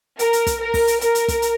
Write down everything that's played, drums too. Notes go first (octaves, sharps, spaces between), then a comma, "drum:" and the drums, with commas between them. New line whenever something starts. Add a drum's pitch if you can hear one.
A#4, drum: hi-hat
drum: hi-hat
drum: kick, hi-hat
A#4
drum: kick, open hi-hat
drum: hi-hat
A#4, drum: hi-hat
drum: hi-hat
drum: kick, hi-hat
drum: hi-hat